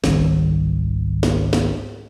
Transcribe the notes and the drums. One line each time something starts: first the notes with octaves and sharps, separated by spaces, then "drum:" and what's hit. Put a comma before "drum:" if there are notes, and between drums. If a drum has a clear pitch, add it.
G#1 C#2 D#3 G3, drum: snare
drum: snare
drum: snare